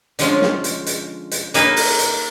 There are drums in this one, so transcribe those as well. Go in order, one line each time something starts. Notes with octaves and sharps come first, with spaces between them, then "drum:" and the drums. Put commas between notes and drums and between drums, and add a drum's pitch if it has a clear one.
D3 F3 G#3 C#4 F4, drum: hi-hat
drum: snare
drum: hi-hat
drum: hi-hat
drum: hi-hat
A#3 D#4 G#4 B4, drum: hi-hat
drum: open hi-hat
drum: hi-hat